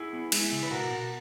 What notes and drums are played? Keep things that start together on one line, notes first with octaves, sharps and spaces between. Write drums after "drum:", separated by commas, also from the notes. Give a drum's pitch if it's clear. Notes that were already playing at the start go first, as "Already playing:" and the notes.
Already playing: E4 G#4
B3
G#3 E4 G#4, drum: cymbal
C#3
B4
B2 F#4 A#4
B2